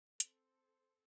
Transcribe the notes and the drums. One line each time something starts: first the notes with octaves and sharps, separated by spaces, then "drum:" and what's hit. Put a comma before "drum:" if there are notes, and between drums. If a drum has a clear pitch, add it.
C4 A4 C5, drum: hi-hat